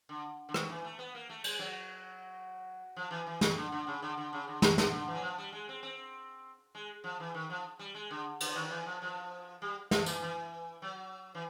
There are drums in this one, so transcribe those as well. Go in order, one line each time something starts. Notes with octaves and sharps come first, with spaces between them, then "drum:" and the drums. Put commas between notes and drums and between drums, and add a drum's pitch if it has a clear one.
D3
D3
D#3, drum: rim click
E3
A3
B3
A#3
A3
G#3, drum: cymbal
F#3
F3
E3
E3
D#3, drum: snare
D3
D3
C#3
D3
D3
C#3
D3
D#3, drum: snare
D3, drum: snare
D3
E3
F#3
F3
G3
G#3
C4
C4
G#3
F3
E3
D#3
F3
G3
G#3
D3
D3, drum: cymbal
D#3
E3
F3
F3
G3
F3, drum: snare
E3, drum: tambourine
E3
F#3
E3